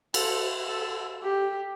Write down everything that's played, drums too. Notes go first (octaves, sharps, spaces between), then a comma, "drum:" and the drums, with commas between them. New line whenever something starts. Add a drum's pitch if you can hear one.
A4, drum: cymbal
A4
G4